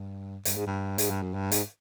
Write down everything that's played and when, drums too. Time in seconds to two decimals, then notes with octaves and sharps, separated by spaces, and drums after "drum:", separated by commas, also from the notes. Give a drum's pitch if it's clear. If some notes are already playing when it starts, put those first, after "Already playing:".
Already playing: G2
0.45 G2, drum: hi-hat
0.56 G#2
0.66 G2
0.98 G#2, drum: hi-hat
1.10 G2
1.22 F#2
1.34 G2
1.52 G#2, drum: hi-hat